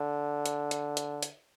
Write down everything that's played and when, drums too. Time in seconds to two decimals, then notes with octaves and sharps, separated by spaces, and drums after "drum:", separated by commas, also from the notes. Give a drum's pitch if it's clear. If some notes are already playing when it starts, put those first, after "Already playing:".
Already playing: D3
0.46 drum: hi-hat
0.71 drum: hi-hat
0.97 drum: hi-hat
1.23 drum: hi-hat